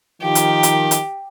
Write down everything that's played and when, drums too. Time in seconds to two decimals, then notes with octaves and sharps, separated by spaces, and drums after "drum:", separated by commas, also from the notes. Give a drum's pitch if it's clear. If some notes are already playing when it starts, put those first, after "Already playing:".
0.21 D#3 F3 G4
0.35 drum: hi-hat
0.63 drum: hi-hat
0.91 drum: hi-hat